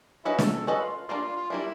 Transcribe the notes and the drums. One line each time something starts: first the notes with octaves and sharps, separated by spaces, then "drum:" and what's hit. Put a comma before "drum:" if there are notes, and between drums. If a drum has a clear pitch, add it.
C#4 E4 F#4 B4 D#5
A4, drum: snare
A4
C#4 F#4 A4 B4 D#5
F4
G3 A#3 D4 F4
F4
F4
G3 A#3 D4 E4